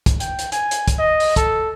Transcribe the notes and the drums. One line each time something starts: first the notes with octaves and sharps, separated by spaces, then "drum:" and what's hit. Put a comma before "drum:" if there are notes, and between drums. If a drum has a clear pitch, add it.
drum: kick, hi-hat
G5, drum: hi-hat
drum: hi-hat
G#5, drum: hi-hat
drum: hi-hat
drum: kick, hi-hat
D#5
drum: open hi-hat
A4, drum: kick, hi-hat